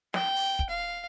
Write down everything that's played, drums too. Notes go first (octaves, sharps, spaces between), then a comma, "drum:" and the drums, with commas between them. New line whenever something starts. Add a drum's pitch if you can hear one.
G5, drum: snare
drum: open hi-hat
drum: kick
F5